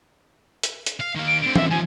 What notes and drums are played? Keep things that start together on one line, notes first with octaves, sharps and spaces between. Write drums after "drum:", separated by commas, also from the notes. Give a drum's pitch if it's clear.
drum: hi-hat
drum: hi-hat
F5
D#3 F5
D7
D3 C4 D7
E5, drum: tom E3
D#2 F3 G#5